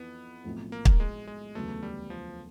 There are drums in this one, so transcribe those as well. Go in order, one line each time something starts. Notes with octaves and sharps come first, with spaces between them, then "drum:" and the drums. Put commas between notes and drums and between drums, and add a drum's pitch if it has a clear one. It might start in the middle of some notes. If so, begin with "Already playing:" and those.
Already playing: F2 E3 B3
B1 A2 F3 A3 C4
A#3
drum: kick
G#3
G#3
E1 D2 C#3 F#3 A3 B3
G3
F3